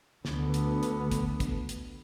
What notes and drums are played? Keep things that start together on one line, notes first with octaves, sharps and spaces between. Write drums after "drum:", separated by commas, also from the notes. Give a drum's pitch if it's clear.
D2 D3 B3, drum: snare
drum: hi-hat
drum: hi-hat
drum: kick, hi-hat
drum: kick, hi-hat
drum: hi-hat